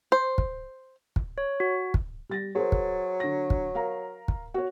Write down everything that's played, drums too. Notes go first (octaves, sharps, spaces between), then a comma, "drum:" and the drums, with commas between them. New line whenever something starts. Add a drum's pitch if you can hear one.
C5
drum: kick
drum: kick
C#5
F#4
drum: kick
G3 A6 A#6
F#3 G#4 A#4 C5
drum: kick
D3 A#6
drum: kick
A#4 F5 A#5
drum: kick
F#4 C#5